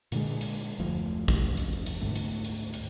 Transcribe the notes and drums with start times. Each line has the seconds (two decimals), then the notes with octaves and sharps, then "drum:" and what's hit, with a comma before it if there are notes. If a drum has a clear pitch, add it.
0.12 A#2 D3 G#3, drum: hi-hat
0.41 drum: hi-hat
0.79 F#1 D#2 F3 A3
1.28 drum: kick, hi-hat
1.57 drum: hi-hat
1.86 drum: hi-hat
2.01 D2 G#2 A3
2.16 drum: hi-hat
2.45 drum: hi-hat
2.74 drum: hi-hat